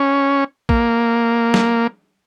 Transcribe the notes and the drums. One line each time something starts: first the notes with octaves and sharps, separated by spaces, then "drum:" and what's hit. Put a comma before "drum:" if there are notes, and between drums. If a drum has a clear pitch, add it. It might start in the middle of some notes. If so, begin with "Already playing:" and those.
Already playing: C#4
A#3, drum: kick
drum: snare